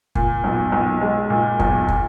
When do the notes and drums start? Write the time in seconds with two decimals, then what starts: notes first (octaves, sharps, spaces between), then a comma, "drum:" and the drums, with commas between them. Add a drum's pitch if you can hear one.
0.15 A#2, drum: kick
0.44 B1
0.72 B1
1.01 G#3
1.30 A#2
1.60 B1, drum: kick
1.88 drum: kick